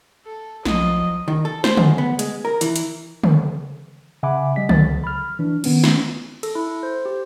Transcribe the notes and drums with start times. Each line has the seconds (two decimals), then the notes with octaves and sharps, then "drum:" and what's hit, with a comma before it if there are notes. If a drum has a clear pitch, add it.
0.25 A4
0.65 B1 F3 F#3 D#5, drum: snare
1.28 D#3
1.45 A4
1.64 C5, drum: snare
1.77 F#2, drum: tom
1.98 B3
2.19 G#3, drum: hi-hat
2.45 A#4
2.61 E3, drum: hi-hat
2.76 drum: hi-hat
3.24 drum: tom
4.23 C#3 E5 F#5 G#5 B5 D6
4.56 G3 D#5 B6
4.69 C#2 F#3 A6, drum: tom
5.04 B5 F6
5.39 E3 D4
5.64 D#3 B3 C#4, drum: cymbal
5.84 drum: snare
6.43 A4, drum: cymbal
6.55 E4
6.83 C5
7.05 G4